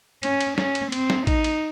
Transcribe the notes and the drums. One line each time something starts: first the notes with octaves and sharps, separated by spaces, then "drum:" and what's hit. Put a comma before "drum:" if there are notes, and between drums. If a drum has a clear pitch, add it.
C#4, drum: cymbal
drum: cymbal
C#4, drum: snare
drum: cymbal
C4, drum: cymbal
drum: snare
D#4, drum: kick A1, cymbal
drum: cymbal